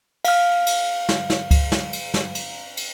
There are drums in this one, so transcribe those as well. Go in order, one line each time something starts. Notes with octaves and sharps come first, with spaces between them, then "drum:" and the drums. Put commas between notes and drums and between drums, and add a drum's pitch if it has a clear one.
F5 F6, drum: cymbal
drum: cymbal
drum: snare
drum: snare
drum: kick C#2, cymbal
drum: snare
drum: cymbal
drum: snare
drum: cymbal
drum: cymbal